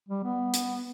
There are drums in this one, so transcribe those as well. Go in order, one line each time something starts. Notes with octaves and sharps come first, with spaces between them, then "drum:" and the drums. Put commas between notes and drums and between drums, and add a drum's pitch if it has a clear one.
G3
B3
drum: hi-hat